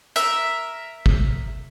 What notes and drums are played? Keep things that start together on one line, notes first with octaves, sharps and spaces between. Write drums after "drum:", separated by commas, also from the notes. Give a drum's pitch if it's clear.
A#4 E5, drum: hi-hat
drum: kick G1